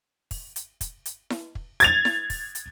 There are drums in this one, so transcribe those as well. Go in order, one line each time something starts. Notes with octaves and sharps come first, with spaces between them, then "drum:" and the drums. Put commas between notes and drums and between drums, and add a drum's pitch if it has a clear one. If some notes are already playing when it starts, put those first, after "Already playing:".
drum: kick, open hi-hat
drum: hi-hat
drum: kick, hi-hat
drum: hi-hat
drum: snare E4
drum: kick
G#6 A6 F7, drum: hi-hat
drum: snare E4
drum: kick, open hi-hat
drum: hi-hat